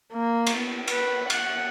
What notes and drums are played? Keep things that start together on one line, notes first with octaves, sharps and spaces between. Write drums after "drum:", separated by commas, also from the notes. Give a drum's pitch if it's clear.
A#3
drum: cymbal
B3
B4, drum: cymbal
F#5, drum: cymbal